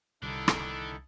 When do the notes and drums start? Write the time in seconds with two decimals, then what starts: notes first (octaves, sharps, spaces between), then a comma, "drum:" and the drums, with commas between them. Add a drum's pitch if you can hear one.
0.23 C2 D3 D#3 D4 E4 A4
0.48 drum: rim click